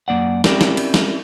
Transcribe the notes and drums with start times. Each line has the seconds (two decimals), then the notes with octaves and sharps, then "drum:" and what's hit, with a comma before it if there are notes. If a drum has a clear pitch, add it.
0.08 F#2 D#3 A#3 D5 F#5
0.44 C4 C#4 E4 G4 A#4 D5, drum: snare
0.61 drum: snare
0.77 drum: cymbal
0.94 drum: snare